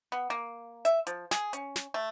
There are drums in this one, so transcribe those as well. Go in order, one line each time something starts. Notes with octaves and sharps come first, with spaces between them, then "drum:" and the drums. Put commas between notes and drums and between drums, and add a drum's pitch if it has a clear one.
B3
A#3
E5, drum: hi-hat
F3, drum: hi-hat
G#4, drum: snare
C#4, drum: hi-hat
drum: snare
A3